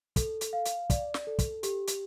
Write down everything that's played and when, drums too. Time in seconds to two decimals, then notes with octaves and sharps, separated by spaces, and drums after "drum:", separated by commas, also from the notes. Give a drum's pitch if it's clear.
0.16 A4, drum: kick, hi-hat
0.41 drum: hi-hat
0.53 F5
0.65 drum: hi-hat
0.90 D5, drum: kick, hi-hat
1.14 drum: snare
1.27 A4
1.39 drum: kick, hi-hat
1.63 G4, drum: hi-hat
1.87 drum: hi-hat